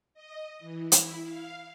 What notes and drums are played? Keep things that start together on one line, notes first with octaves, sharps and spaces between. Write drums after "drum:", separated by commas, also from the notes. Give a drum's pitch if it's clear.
D#5
E3
E4, drum: hi-hat
F5